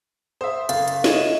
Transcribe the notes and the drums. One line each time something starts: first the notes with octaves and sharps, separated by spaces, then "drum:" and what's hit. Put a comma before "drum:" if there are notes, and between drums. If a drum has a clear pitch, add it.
C5 E5 D#6
F#1 A4 F5, drum: hi-hat
drum: hi-hat
C#4 G#4 D#5 E5, drum: snare